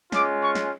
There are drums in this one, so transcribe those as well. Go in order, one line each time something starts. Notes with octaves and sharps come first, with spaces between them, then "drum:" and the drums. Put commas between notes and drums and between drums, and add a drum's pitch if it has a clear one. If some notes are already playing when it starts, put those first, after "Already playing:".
G#3 C#4 F4 D6, drum: snare
C#6
drum: snare